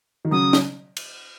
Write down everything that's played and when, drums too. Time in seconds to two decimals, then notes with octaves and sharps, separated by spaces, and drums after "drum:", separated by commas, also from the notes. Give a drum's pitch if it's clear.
0.25 D#3
0.31 C#3 F#3 D#6
0.53 drum: snare
0.97 drum: cymbal